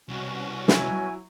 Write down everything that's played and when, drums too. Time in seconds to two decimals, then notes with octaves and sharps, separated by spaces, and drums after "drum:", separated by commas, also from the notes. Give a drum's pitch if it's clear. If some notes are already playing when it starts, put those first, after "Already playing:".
0.09 C2 B2 C#4 F#4
0.68 F#3 E4 G#5, drum: snare